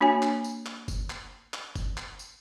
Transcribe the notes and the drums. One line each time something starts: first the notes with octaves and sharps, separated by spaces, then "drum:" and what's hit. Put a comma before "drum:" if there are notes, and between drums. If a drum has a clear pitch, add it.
A#3 D4 F#4 C#5 G#5
drum: clap
drum: tambourine
drum: clap
drum: kick, tambourine
drum: clap
drum: clap
drum: kick, tambourine
drum: clap
drum: tambourine